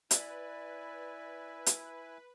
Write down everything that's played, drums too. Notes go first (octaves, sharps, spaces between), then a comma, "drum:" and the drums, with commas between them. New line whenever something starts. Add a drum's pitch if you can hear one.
E4 B4 D5 E5 G#5, drum: hi-hat
drum: hi-hat